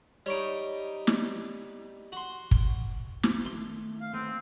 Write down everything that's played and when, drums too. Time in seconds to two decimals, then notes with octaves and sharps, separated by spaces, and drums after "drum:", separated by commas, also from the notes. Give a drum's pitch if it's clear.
0.26 G3 D#4 C#5 C#6 D7
1.07 drum: snare
2.12 F#4 C6
2.51 drum: kick
3.23 drum: snare
3.45 D#3 A3 C6
4.01 F5
4.13 D#2 A3 B3 C4